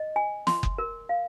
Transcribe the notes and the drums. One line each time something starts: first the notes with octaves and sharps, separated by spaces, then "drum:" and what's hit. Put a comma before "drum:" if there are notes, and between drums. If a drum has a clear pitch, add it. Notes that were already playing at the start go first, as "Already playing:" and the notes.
Already playing: D#5
G#5
C6, drum: snare
drum: kick F#1
A#4
F5